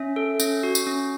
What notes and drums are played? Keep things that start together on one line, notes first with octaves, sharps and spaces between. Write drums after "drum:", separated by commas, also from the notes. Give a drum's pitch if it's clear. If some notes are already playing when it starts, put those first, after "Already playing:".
Already playing: C#4 E5
A4
C#4, drum: tambourine
F#4
drum: tambourine
C#4